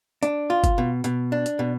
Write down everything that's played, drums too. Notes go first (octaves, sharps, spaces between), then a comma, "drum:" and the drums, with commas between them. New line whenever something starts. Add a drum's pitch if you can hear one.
D4, drum: hi-hat
F4
drum: kick G1, hi-hat
B2
B2, drum: hi-hat
D4
drum: hi-hat
B2